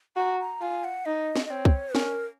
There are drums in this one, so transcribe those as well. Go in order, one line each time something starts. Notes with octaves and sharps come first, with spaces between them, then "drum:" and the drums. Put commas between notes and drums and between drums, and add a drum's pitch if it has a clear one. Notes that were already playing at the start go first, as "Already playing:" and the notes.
F#4 A#5
A#5
F4 G#5
F#5
D#4 D#5
drum: snare
D#5
C4 C#5
drum: kick C2
C#4 A#4, drum: snare